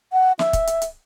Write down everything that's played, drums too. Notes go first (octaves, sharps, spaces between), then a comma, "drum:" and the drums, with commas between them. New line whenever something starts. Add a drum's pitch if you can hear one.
F#5
E5, drum: snare
drum: kick, hi-hat
drum: hi-hat
drum: hi-hat